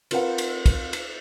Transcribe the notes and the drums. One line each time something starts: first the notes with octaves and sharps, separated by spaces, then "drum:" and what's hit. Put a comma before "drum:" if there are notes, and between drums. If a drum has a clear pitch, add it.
C4 F4 A#4 B4 F5 F#5, drum: cymbal
drum: cymbal
drum: kick, cymbal
drum: cymbal